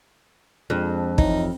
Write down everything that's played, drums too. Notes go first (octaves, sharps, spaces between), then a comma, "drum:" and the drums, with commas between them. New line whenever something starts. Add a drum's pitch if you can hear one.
F2 G#3 C4 D4
E3 D#4 C#5, drum: kick